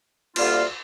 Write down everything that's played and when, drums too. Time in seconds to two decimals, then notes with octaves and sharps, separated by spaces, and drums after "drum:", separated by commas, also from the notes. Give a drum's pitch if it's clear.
0.36 D2 D3 G3 A#3 F4, drum: cymbal